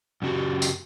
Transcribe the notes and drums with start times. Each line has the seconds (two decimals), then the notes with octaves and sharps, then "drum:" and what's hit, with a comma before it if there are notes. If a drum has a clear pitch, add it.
0.22 F#2 C#3 A#3 F#4 G4
0.62 drum: tambourine